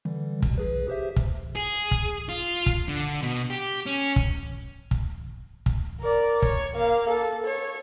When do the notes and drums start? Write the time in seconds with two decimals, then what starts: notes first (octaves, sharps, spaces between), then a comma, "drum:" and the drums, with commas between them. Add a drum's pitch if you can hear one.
0.05 D3 E3 G3
0.42 G#1 D#2 B2, drum: kick
0.58 B1 G#4 B4
0.88 G4 C5 E5
1.16 drum: kick
1.56 G#4
1.91 drum: kick
2.29 F4
2.66 drum: kick
2.88 D3
3.23 B2
3.50 G4
3.86 C#4
4.16 drum: kick
4.91 drum: kick
5.66 drum: kick
6.01 A#4 D5
6.42 C#5, drum: kick
6.75 A#3 F5
7.09 A4
7.46 C#5